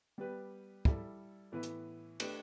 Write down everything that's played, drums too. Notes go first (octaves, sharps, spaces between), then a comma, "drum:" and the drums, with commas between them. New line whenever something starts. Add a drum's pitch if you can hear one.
G3 B3 G4 B4
G3 E4 A4, drum: kick
A2 E3 B3 E4 B4
drum: hi-hat
A3 D4 G4 B4, drum: cymbal